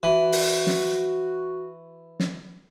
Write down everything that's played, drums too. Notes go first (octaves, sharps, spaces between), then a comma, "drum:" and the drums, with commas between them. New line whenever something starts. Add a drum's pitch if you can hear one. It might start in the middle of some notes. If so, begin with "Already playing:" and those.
E3 F#4
drum: open hi-hat
drum: snare
drum: snare